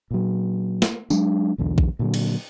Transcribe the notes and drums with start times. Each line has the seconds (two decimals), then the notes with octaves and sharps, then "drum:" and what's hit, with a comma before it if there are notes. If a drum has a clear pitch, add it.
0.11 A#2 F#3
0.82 drum: snare
1.10 F#3 G#3 D4, drum: tambourine
1.58 B1 E2 B2 D3
1.78 drum: kick A#1
1.99 A#2 D3 F#3
2.14 drum: cymbal